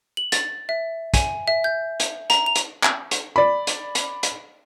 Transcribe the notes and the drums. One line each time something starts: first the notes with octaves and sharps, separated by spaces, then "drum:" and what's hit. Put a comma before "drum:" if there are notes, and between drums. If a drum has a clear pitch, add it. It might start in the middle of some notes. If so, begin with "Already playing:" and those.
F#7
A6, drum: hi-hat
E5
G#5, drum: kick, hi-hat
E5
G6
drum: hi-hat
A#5, drum: hi-hat
F7
drum: hi-hat
drum: clap
drum: hi-hat
D5 B5
drum: hi-hat
drum: hi-hat
drum: hi-hat